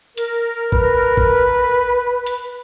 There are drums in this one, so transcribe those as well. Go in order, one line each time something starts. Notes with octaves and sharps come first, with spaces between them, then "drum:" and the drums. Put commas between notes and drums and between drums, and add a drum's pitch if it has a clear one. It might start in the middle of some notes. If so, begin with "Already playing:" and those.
A#4, drum: hi-hat
B4, drum: kick
drum: kick
drum: hi-hat